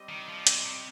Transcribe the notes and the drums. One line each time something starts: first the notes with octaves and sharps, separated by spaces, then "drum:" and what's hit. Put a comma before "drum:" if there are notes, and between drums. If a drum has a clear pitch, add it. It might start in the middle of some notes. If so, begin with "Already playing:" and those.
Already playing: G3 C4 G4 D#5
D#3
F3
C3, drum: hi-hat
C3